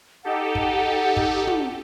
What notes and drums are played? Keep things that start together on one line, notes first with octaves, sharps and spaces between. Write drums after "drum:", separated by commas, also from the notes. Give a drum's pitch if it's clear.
D#4 G4 A4 F#5
drum: kick
drum: kick
drum: tom